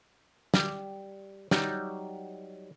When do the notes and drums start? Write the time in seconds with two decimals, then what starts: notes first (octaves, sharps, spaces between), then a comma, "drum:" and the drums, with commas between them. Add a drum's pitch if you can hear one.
0.54 G3, drum: snare
1.51 F#3 G3 D#4, drum: snare